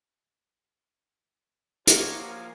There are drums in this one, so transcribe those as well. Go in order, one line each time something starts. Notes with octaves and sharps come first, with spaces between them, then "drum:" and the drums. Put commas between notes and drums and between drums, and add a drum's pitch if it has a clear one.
F3 A#3 G4 A#4 C#5 F5 F#5 G#5, drum: hi-hat